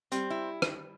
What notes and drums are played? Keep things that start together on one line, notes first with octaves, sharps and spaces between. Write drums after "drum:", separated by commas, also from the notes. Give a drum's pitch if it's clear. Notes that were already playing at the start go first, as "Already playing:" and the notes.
G3 C4, drum: hi-hat
E4
drum: rim click